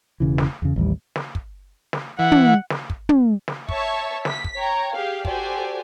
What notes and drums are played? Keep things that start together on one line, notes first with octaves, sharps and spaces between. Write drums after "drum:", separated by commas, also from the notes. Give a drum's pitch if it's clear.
E1 C#3 E3
drum: snare
E2 C#3
A1 D#2 G3
drum: snare
drum: kick
drum: snare
E3 F#5
drum: tom
drum: snare
drum: kick
drum: tom
drum: snare
C#5 E5 A5 C#6, drum: kick
B6, drum: snare
drum: kick
C#5 G5 A#5
G4 G#4 F5
F#4 G4 A4 C5 D5 G#5, drum: kick